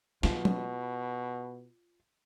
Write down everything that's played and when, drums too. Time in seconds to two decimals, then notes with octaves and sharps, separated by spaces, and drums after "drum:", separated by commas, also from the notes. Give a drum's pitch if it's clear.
0.23 B2 F4, drum: snare
0.45 drum: tom